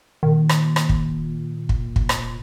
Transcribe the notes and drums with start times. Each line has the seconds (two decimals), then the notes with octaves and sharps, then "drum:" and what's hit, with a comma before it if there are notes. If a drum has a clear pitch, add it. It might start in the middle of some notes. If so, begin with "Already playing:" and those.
0.23 A#2 D#3
0.49 drum: rim click
0.76 drum: rim click
0.89 drum: kick
1.69 drum: kick
1.96 drum: kick
2.09 drum: rim click